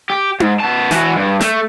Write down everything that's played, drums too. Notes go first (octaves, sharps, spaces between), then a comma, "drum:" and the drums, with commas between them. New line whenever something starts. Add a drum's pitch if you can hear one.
G4
G#2, drum: tom D#4
B3 A5
E3 F#4, drum: snare
G2
A3, drum: snare